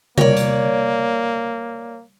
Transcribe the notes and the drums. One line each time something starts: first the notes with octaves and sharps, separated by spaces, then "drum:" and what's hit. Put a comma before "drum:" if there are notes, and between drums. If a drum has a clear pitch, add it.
G3 A#3 A#4 C#5 D5, drum: tom C3
drum: hi-hat